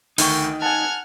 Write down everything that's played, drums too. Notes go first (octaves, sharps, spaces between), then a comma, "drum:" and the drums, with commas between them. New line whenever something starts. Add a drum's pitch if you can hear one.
D2 D#3 D#4 G5 C#6, drum: open hi-hat
F#5 G#5 A5 F6 G#6